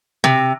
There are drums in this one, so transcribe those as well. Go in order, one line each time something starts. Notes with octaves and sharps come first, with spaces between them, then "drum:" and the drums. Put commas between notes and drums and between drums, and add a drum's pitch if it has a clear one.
C3, drum: tom B2